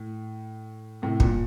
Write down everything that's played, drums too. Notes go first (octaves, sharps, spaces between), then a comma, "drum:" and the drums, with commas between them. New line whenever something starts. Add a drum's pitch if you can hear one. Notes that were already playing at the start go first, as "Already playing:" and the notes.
Already playing: A2
A2 C3
G2 A#2, drum: kick